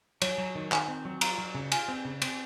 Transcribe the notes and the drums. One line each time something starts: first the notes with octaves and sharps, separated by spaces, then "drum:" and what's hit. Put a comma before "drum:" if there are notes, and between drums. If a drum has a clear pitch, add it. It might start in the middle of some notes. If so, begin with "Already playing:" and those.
F#3 C#5, drum: cymbal
F#3
D#3
D#3 G#5, drum: clap
C4
F#3
F4 A#5, drum: cymbal
F#3
C#3
F4 G#5, drum: cymbal
C4
C#3
C4, drum: cymbal